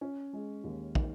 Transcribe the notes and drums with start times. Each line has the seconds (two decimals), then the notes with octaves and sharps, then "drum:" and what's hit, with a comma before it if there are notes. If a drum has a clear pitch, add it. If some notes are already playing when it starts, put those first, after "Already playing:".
0.01 C#4
0.33 G#3
0.64 D#2
0.95 D#3, drum: kick